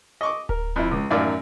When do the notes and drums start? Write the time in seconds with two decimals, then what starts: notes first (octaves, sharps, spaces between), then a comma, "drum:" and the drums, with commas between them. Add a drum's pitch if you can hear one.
0.21 D#5 C#6 D6
0.49 A#4, drum: kick D1
0.76 F2 E4
0.91 C#2
1.10 A1 F#2 D#3 D5 F5